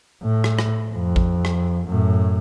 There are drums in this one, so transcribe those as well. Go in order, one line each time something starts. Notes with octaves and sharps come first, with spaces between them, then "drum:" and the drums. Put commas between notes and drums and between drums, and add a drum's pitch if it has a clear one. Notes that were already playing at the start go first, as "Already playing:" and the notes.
A2
drum: rim click
drum: rim click
F2
drum: kick A1
drum: rim click
F#2 A2